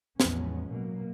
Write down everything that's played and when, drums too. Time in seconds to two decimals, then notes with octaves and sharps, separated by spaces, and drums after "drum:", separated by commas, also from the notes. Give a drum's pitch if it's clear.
0.20 A1 E2 F3 G#3 B3 C#4, drum: snare
0.69 B2 F#3 A#3